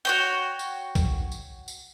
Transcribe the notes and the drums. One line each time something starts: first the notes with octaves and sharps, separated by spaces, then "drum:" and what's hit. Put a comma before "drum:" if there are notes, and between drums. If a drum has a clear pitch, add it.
F#4 C#5 G5
drum: tambourine
drum: kick, tambourine
drum: tambourine
drum: tambourine